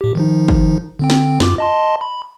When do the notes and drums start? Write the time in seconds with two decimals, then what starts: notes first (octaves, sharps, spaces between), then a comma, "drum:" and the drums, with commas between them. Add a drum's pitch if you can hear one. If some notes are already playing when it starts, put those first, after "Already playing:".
0.01 A2 G4
0.15 D#3 F3 D#4
0.48 drum: kick
0.99 D3 C4 G5
1.10 drum: snare
1.40 F#2 F4 D6, drum: snare
1.58 D#5 A5 C6
2.01 B5